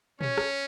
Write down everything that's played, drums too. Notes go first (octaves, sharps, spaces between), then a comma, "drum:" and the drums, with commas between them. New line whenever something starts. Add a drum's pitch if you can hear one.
C#4 C#5, drum: tom A#2
drum: rim click